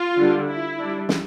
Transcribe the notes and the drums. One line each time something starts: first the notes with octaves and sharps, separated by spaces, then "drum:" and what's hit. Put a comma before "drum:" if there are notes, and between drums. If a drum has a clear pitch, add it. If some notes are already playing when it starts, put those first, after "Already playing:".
Already playing: F4
D3 G3 D4
E4
G3 D4
drum: snare